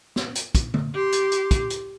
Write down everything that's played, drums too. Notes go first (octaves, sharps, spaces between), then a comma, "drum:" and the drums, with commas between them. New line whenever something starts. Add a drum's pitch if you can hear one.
drum: snare
drum: hi-hat
drum: kick, hi-hat
drum: tom
G4 C6
drum: hi-hat
drum: hi-hat
drum: kick, hi-hat
drum: hi-hat